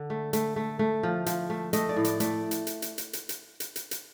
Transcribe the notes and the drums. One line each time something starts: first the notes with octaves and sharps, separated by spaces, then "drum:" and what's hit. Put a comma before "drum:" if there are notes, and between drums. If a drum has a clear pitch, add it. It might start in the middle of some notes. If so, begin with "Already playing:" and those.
Already playing: D3
A3
A3, drum: hi-hat
A3
A3
F3
F3, drum: hi-hat
A3
A3 D#5, drum: hi-hat
D5
A2
D5, drum: hi-hat
A3 D5, drum: hi-hat
drum: hi-hat
drum: hi-hat
drum: hi-hat
drum: hi-hat
drum: hi-hat
drum: hi-hat
drum: hi-hat
drum: hi-hat
drum: hi-hat